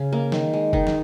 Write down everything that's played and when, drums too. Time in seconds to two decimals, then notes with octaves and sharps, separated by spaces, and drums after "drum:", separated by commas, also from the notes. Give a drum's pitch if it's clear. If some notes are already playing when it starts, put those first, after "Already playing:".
Already playing: C#3
0.13 A#3
0.32 D#3, drum: snare
0.54 G#3
0.73 D#3 D#4, drum: kick F#1
0.87 drum: snare